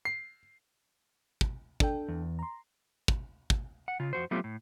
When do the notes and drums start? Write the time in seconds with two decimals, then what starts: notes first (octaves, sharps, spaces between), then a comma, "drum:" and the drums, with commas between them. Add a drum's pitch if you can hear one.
0.05 C7
1.41 drum: kick
1.80 D4 A4 G5, drum: kick
2.09 E2
2.39 A#5 C6
3.08 drum: kick
3.50 drum: kick
3.88 F#5
4.00 C#3 F4
4.13 F2 F#4 C5
4.31 F#3 A3 B3 C4 F4 G4
4.44 A2